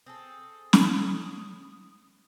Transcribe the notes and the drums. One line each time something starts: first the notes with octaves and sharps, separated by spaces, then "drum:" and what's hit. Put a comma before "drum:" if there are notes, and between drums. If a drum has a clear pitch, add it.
C4 G#4 A4 D#6
drum: snare